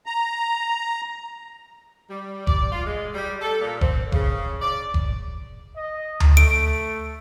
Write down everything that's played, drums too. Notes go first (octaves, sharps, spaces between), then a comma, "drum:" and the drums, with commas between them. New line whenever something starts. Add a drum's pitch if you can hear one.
A#5
G3
D5, drum: kick F1
F4
G#3
G3
A4
A#2
C4, drum: kick F1
C#3, drum: kick F1
D5
drum: kick F1
D#5
drum: tom D2
A3 D7